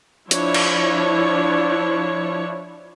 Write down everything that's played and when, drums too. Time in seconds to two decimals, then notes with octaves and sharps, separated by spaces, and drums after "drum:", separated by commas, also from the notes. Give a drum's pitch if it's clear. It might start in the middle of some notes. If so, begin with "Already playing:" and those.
0.31 F3 D4 E4 C#5, drum: hi-hat
0.54 drum: cymbal